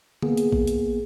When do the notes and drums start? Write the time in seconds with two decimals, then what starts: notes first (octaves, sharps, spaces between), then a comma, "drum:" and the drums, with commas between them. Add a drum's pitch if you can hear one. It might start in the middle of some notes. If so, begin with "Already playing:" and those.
0.22 A#3 B3 G#4, drum: tom
0.37 drum: hi-hat
0.52 drum: kick
0.67 drum: hi-hat